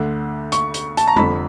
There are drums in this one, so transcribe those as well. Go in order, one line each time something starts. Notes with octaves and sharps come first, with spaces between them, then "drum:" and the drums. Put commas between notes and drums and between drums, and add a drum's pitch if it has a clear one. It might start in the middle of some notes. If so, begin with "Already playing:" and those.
Already playing: D2 D3
C#6, drum: hi-hat
drum: hi-hat
A5, drum: hi-hat
A#5
F1 F2 D3 B5, drum: tom G3